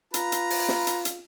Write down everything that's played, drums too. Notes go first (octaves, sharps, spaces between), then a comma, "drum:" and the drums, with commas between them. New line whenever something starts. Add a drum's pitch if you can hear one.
F4 B4 A#5, drum: hi-hat
drum: hi-hat
drum: open hi-hat
drum: snare
drum: hi-hat
drum: hi-hat